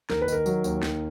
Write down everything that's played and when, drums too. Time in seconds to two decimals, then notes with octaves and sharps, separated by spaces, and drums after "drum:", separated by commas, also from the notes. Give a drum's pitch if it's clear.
0.10 D#2 A#4, drum: snare
0.22 B4
0.28 D#3 A#4, drum: tambourine
0.46 F#3, drum: tambourine
0.64 D#2, drum: tambourine
0.83 D#2, drum: snare